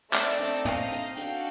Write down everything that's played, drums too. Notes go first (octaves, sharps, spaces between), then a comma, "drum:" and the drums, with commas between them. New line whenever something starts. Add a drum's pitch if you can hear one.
A3 C4 D#4 D5 E5, drum: clap
drum: hi-hat
D#5 F5, drum: tom
drum: hi-hat
D4 F#4 A4 F5 G5, drum: hi-hat